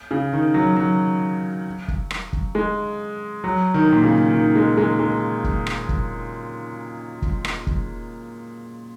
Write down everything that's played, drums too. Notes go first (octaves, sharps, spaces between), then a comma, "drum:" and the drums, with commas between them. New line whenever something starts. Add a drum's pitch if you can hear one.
C#3
D#3
F#3
F#3
drum: kick
drum: rim click
drum: kick
G#3
F#3
D#3
A#2
C#3
D#3
G#3
G#3
G#3
drum: kick
drum: rim click
drum: kick
drum: kick
drum: rim click
drum: kick